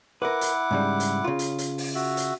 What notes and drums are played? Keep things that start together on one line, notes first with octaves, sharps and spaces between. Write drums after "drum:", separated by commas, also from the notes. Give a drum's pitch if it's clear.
E4 A#4 B4 F#5 D6
drum: hi-hat
G#2 C#3 G3
drum: hi-hat
C#3 F4
drum: hi-hat
drum: hi-hat
drum: open hi-hat
F#4 E5
drum: hi-hat